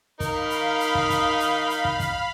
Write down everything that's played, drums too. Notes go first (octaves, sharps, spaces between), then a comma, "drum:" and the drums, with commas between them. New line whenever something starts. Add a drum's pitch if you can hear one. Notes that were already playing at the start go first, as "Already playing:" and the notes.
D#4 A#4 F5 B5, drum: kick, hi-hat
drum: hi-hat
drum: hi-hat
drum: kick
drum: kick, hi-hat
drum: hi-hat
drum: hi-hat
drum: kick
drum: kick, hi-hat